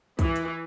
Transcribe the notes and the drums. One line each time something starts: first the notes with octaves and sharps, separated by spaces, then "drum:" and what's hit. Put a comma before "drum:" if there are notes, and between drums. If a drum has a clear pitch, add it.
E3, drum: kick, hi-hat
drum: hi-hat